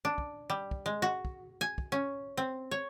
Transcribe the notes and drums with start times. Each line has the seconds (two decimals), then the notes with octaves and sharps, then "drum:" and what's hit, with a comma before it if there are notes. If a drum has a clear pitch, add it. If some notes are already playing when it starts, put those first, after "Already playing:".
0.05 D4
0.18 drum: kick
0.50 G3
0.71 drum: kick
0.86 G#3
1.02 F#4
1.25 drum: kick
1.61 G#5
1.78 drum: kick
1.92 C#4
2.37 C4
2.71 C#5